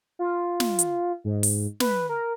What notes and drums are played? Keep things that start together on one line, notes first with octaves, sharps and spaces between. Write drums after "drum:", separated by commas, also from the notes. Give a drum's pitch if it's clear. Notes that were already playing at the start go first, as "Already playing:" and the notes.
F4
drum: snare
drum: hi-hat
G#2
drum: open hi-hat
B4, drum: snare
A#4